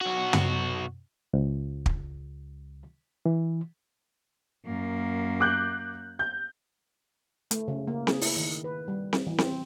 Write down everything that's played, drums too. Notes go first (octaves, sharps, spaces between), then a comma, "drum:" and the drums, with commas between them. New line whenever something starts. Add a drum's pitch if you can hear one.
B1 F#4
drum: tom
C#2
drum: kick
E3
F#2 A#3
D6 F#6 G6
G6
A3, drum: hi-hat
C#3
A#3
G#4, drum: snare C4
E4, drum: open hi-hat
D#3
B4
G3
drum: snare C4
E3
C4, drum: snare C4